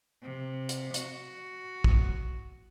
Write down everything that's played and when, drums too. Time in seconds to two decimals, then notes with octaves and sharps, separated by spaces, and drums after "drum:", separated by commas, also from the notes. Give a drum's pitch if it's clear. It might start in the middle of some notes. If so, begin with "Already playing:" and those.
0.22 C3
0.69 drum: hi-hat
0.94 F#4, drum: hi-hat
1.84 drum: kick